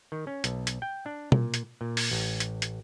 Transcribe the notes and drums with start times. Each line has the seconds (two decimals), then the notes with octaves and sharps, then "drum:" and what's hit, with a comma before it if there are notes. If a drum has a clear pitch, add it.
0.12 D#3
0.27 C#4
0.44 B1, drum: hi-hat
0.67 drum: hi-hat
0.82 G5
1.06 D4
1.32 A#2, drum: tom
1.54 drum: hi-hat
1.81 A#2
1.97 drum: open hi-hat
2.11 A1
2.40 drum: hi-hat
2.62 drum: hi-hat